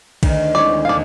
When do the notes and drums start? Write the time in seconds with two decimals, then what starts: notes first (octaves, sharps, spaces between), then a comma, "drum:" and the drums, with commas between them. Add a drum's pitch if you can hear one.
0.23 D2 D#3, drum: kick A#1, cymbal
0.55 G#3 C4 E4 C#5 D5
0.85 E1 D#2 D5 F5